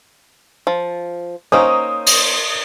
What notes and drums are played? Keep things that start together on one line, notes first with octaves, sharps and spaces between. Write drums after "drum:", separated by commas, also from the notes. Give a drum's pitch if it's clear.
F3
A#3 C#4 D#4 C5 D#6
drum: cymbal